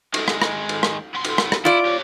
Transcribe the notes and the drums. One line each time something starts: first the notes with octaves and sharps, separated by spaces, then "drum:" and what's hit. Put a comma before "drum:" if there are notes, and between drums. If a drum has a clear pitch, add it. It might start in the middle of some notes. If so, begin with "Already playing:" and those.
D#3 G#3, drum: cymbal
drum: rim click
drum: rim click
drum: cymbal
drum: rim click
B3 C6
drum: cymbal
drum: rim click
drum: rim click
E4 F4 D5
G4 C#5